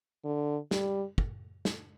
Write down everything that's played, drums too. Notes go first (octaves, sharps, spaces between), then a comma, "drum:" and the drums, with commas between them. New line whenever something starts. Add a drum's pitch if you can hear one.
D3
G3, drum: snare
drum: kick
drum: snare